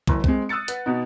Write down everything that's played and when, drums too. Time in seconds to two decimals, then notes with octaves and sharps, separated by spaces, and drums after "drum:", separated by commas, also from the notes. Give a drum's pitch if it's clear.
0.07 F#1 E3, drum: kick
0.24 G#3 C4, drum: kick
0.49 D#6 E6 F#6 A6 C#7
0.68 B4 F#5, drum: hi-hat
0.86 B2 B3 D#4